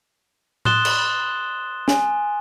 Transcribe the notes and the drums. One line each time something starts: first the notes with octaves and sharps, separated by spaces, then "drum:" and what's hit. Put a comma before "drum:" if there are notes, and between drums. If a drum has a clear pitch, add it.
C6 D#6 F#6 A6 E7 G7, drum: tom A2
drum: cymbal
G#5, drum: snare